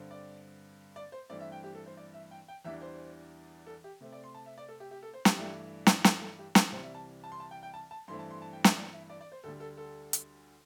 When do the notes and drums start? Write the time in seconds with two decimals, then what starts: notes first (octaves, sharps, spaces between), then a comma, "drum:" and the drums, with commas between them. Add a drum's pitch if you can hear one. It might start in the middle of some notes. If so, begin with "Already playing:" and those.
Already playing: G2 D3 C4
0.11 D5
0.96 D5
1.12 C5
1.29 G2 E3 A3 C4 D5
1.41 E5
1.52 G5
1.64 G4
1.75 A4
1.86 C5
1.97 D5
2.14 E5
2.31 G5
2.48 G5
2.65 E2 E3 G3 D4 E5
2.82 C5
3.67 A4
3.84 G4
4.01 C3 A3 C4
4.12 D5
4.24 C6
4.34 A5
4.46 E5
4.58 D5
4.69 A4
4.80 G4
4.91 G4
5.03 A4
5.14 C5
5.25 G4, drum: snare
5.37 G2 E3 A3 D4
5.87 drum: snare
6.04 A4, drum: snare
6.22 A4
6.39 G4
6.55 A4, drum: snare
6.72 C2 C3 E3 G3 C4 C5
6.84 E5
6.95 A5
7.24 A5
7.32 C6
7.40 A5
7.51 G5
7.63 G5
7.74 A5
7.91 A5
8.08 G2 E3 A3 C4 C6
8.19 A5
8.31 C6
8.42 A5
8.53 G5
8.64 E5, drum: snare
8.76 D5
8.93 E5
9.10 D5
9.21 D5
9.32 C5
9.44 D2 D3 G3 A4
9.60 A4
9.77 A4
10.13 drum: hi-hat